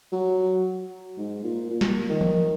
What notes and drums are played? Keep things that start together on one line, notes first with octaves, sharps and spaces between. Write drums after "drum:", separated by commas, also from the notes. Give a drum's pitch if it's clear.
F#3
G#2
A#2
A#2
drum: snare
D#3
drum: tom E3